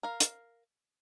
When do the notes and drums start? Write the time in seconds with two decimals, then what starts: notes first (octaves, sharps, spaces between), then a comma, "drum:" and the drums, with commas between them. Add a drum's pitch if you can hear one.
0.03 A#4 F5
0.20 drum: hi-hat